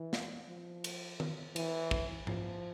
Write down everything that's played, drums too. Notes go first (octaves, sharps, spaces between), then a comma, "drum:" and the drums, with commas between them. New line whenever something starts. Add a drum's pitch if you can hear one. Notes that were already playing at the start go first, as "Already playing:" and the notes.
Already playing: E3
drum: snare
F3
drum: cymbal
drum: tom D#3
E3, drum: cymbal
drum: kick
F3, drum: tom G#2